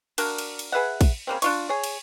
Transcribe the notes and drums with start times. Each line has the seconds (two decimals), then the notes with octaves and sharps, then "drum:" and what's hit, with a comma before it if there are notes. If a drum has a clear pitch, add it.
0.18 A#3 D4 F#4 A#4, drum: cymbal
0.38 drum: cymbal
0.59 drum: cymbal
0.72 G#4 B4 E5 F#5
1.01 drum: kick, cymbal
1.27 C#3 A#3 C4
1.42 D4 F4 C#6, drum: cymbal
1.69 G#4 C#5
1.84 drum: cymbal